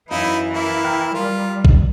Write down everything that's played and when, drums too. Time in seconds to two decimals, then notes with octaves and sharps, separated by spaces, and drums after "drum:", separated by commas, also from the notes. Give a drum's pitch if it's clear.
0.11 F#2 E3 D#4 E4 F5
0.54 A#3 E4
0.84 G5 A#5 F6
1.14 G3 F4 A#4
1.65 drum: kick A#1